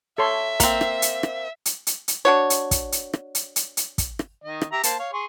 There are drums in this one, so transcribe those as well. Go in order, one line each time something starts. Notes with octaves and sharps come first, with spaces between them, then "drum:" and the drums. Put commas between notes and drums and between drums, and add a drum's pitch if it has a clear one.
A4 C#5 E5 C6
A#3 C4, drum: kick, hi-hat
drum: rim click
drum: hi-hat
drum: rim click
drum: hi-hat
drum: hi-hat
drum: hi-hat
D4 F#4 C#5
drum: hi-hat
drum: kick, hi-hat
drum: hi-hat
drum: rim click
drum: hi-hat
drum: hi-hat
drum: hi-hat
drum: kick, hi-hat
drum: rim click
D#3 D#5
drum: rim click
G4 E5 A#5
A#3 C5 A5, drum: hi-hat
C#5 F5
G#4 C6 C#6